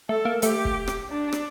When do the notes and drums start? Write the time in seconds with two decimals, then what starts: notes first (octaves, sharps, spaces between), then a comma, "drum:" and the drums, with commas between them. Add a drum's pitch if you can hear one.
0.09 A3 A4
0.25 A#3
0.42 A3 G4, drum: hi-hat
0.65 drum: kick
0.88 drum: rim click
1.10 D4
1.33 drum: rim click